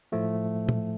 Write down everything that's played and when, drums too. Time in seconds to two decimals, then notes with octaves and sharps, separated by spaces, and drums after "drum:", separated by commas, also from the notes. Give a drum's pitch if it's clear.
0.12 A2 F3 A3
0.69 drum: tom